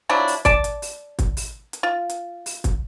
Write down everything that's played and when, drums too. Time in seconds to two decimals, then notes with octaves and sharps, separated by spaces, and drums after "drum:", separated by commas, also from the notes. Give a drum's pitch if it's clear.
0.09 F3 F#3 D4 E4
0.28 drum: open hi-hat
0.45 D5 A5, drum: kick, hi-hat
0.64 drum: hi-hat
0.82 drum: open hi-hat
1.19 drum: kick, hi-hat
1.37 drum: open hi-hat
1.73 drum: hi-hat
1.83 F4
2.10 drum: hi-hat
2.46 drum: open hi-hat
2.64 drum: kick, hi-hat